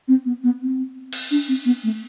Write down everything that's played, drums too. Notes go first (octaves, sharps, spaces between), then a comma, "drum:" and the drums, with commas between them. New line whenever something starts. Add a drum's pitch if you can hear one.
C4
B3
B3
C4
drum: cymbal
D4
C4
B3
A3